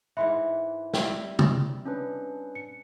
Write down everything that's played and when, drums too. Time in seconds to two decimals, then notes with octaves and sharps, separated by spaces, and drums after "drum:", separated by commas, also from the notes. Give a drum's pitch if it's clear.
0.17 G#2 E3 E5 F#5 B5 C6
0.94 G3 C4 E4, drum: snare
1.39 drum: tom
1.85 C#4 D4 B4
2.55 C#7